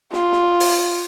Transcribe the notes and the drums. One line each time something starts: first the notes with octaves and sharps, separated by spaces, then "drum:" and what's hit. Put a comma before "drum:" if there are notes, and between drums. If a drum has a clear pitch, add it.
F4, drum: snare
drum: snare
drum: open hi-hat